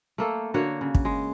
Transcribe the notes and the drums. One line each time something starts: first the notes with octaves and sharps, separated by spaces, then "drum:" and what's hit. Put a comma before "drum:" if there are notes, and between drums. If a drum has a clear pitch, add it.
A3 A#3 A4
D3 A#3 F#4 C#5
C#3
drum: kick
G#3